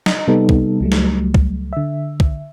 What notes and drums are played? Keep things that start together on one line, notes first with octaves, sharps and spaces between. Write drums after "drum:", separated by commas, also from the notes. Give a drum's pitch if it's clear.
D#5, drum: snare
C3 G3 B3 D#4 A4
drum: kick
C#2 F#3 G3 A3
drum: snare
drum: kick
D3 E5
drum: kick